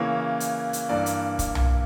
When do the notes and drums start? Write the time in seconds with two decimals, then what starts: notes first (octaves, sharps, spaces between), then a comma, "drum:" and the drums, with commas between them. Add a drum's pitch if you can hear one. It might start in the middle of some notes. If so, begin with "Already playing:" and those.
Already playing: C#3 E3 A#3 C#5
0.40 drum: hi-hat
0.73 drum: hi-hat
0.89 G2 E3 A#3 D5
1.06 drum: hi-hat
1.39 drum: kick, hi-hat
1.55 drum: tom B1